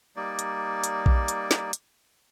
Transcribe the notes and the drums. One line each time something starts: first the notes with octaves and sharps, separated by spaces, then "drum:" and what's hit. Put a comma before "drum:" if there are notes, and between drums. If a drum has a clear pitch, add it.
G3 A#3 D#4 D5
drum: hi-hat
drum: hi-hat
drum: kick A#1
drum: hi-hat
drum: snare
drum: hi-hat